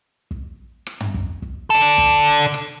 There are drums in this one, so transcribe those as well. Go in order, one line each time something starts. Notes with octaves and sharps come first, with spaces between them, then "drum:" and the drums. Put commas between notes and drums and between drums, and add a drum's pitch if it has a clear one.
drum: kick
drum: rim click
drum: tom
drum: kick
drum: kick
D4 A4
drum: kick
drum: rim click